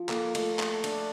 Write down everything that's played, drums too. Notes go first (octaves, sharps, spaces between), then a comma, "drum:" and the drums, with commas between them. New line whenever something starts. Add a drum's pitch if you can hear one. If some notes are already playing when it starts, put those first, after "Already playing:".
Already playing: F3
A#3 A4, drum: clap
A3, drum: cymbal
drum: clap
D4, drum: cymbal